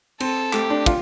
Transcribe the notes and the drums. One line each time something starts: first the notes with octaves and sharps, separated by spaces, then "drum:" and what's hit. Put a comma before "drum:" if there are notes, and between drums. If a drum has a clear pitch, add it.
C4 A4, drum: cymbal
A3 G4, drum: clap
D4
F4, drum: kick, cymbal